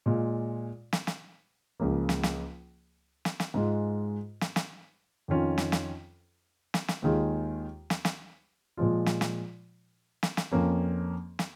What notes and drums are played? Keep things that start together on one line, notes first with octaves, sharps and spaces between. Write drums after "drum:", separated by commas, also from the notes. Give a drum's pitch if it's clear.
A#2 G#3 F4
drum: snare
drum: snare
C#2 C#3 F3 A#3
drum: snare
drum: snare
drum: snare
drum: snare
G#2 G#3 F4
drum: snare
drum: snare
F2 D#3 C#4 F4
drum: snare
drum: snare
drum: snare
drum: snare
D#2 D#3 G#3 F4 G#4
drum: snare
drum: snare
A#2 F3 G#3 F4
drum: snare
drum: snare
drum: snare
drum: snare
F2 F3 A#3 C#4
drum: snare